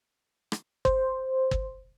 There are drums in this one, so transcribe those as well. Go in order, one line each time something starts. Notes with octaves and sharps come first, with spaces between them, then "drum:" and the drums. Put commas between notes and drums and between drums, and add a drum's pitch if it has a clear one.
drum: rim click
C5, drum: kick
drum: kick